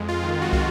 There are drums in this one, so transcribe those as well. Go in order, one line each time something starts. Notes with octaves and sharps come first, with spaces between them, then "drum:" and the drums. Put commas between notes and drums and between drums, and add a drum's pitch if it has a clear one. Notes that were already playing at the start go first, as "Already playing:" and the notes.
Already playing: F2 G#3
F4
D#3
F#4
F4, drum: kick